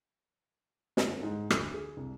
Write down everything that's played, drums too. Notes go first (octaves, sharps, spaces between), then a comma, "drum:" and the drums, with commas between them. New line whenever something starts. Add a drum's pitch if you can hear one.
G1, drum: snare
G#2
D2, drum: rim click
G#4
C2